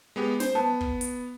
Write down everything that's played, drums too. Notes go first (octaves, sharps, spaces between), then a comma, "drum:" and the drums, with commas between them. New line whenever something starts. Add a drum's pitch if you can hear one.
G#3 B3 G4
C5, drum: snare
B3 A5
drum: kick
drum: hi-hat